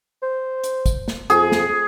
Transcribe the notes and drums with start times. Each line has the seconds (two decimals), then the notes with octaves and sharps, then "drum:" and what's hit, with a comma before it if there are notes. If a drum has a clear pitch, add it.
0.22 C5
0.64 drum: hi-hat
0.86 drum: kick, hi-hat
1.08 drum: snare
1.30 F2 G#4, drum: hi-hat
1.52 drum: snare